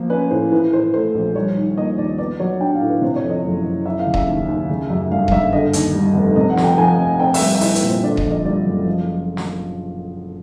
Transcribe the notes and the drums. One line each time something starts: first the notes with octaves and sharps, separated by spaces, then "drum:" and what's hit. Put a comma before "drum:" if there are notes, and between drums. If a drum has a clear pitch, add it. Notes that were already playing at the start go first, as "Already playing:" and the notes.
Already playing: F3 A#3 C5
C#4 B4
A2 C5
E3 B4
A2 C5
A3 C5
A#1
G3 C#5
D#3
A#3 D#5
D#2 D5
B3 D5
F#3 C#5
D4 G5
F5
A2
B4
C3 C5
C#5
F2
D#5
F#1
F#1
E3 E5
F5
C#3
E5, drum: kick D#1
D#2
D#2
C#3
F#2
G1 F5
F5, drum: kick D#1
G1 E5
D3 D#5
D#2, drum: hi-hat
G3
F1
C3 D#5
F#5
F2, drum: snare
G5
F3 G#5
F1
C4 G5
E5, drum: open hi-hat
G3
E5
E4 D#5, drum: open hi-hat
B4, drum: hi-hat
A#2
C5
D3 D5
D#5, drum: kick D#1
F2
D#5
G3 D5
F#1
F3
drum: snare